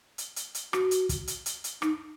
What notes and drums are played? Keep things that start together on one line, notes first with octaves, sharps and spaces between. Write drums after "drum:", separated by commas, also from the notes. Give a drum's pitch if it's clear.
drum: hi-hat
drum: hi-hat
drum: hi-hat
F#4, drum: rim click
drum: hi-hat
drum: kick, hi-hat
drum: hi-hat
drum: hi-hat
drum: hi-hat
D#4, drum: rim click